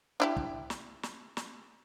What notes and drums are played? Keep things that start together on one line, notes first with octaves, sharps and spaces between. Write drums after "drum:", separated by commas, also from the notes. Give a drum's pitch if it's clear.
D4 E4 G4
drum: kick
drum: snare
drum: snare
drum: snare